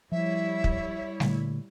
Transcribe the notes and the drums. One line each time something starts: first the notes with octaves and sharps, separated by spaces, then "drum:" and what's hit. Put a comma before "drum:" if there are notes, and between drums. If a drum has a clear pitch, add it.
F3 G3 E4 C#5 E5
drum: kick
A#2 D3 A3, drum: snare G3